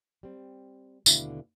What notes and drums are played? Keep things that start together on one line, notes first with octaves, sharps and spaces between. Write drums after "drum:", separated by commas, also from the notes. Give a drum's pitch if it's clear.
G3 C4
D#2 B2 D3 A3 E4 F5, drum: tambourine